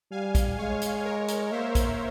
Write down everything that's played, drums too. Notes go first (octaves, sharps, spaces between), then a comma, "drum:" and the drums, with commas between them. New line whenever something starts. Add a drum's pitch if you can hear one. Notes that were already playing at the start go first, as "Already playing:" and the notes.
G3 F5 G#5
drum: kick, hi-hat
G#3 C#5 F5
drum: hi-hat
A#4 C#5
drum: hi-hat
A#3 C5 E5
drum: kick, hi-hat